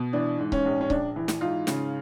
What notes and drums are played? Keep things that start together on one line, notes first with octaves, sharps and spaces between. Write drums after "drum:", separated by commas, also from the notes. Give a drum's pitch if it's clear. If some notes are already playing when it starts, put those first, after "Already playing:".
Already playing: B2
E3 D4
G#2
C#4, drum: kick C#1
A#1
C#4
A#1 D4, drum: kick C#1
E3
drum: snare
G#2 D#4 F4
C#3, drum: snare